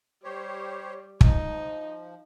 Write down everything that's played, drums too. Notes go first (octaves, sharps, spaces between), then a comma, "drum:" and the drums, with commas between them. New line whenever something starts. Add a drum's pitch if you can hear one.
G3 G4 C5 C#5
F3 D#4, drum: kick